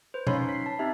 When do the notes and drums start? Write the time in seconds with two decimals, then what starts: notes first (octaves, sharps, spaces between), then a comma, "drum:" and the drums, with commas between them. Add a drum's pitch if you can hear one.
0.14 B4 C5
0.27 C#4 D#4 C#5 F5 B5 C6, drum: tom B2
0.49 B6 C7
0.66 A5
0.79 C4 D#4 G4 E5